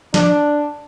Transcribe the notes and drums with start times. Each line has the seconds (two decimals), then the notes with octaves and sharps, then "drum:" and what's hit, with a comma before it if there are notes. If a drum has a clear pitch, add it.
0.14 D4, drum: snare